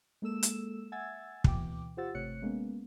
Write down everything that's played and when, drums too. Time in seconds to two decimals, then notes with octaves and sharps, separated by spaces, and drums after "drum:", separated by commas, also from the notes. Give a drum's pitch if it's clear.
0.22 G#3 A#3 A4 E6 E7
0.43 drum: hi-hat
0.92 E5 F#5 G#5 E6 G#6 A6
1.44 D2 B2 E3 G5 D6, drum: kick
1.97 F4 G4 C5 F#5 E6 A6
2.14 G#1 C3 A3 C#5 F#6 C#7
2.42 G#3 A#3 B3 C#4